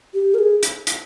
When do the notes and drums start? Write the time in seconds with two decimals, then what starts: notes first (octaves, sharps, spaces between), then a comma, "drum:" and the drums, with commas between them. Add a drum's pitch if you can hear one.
0.14 G4
0.34 A#4
0.39 G#4
0.63 drum: hi-hat
0.87 drum: hi-hat